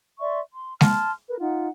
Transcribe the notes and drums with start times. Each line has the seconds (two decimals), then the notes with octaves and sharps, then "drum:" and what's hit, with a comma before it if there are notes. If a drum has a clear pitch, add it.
0.19 D5 E5 C6 C#6
0.52 C6
0.81 A5 C6 F6, drum: snare G#3
1.27 A#4 B4
1.39 D#4 F4 F#5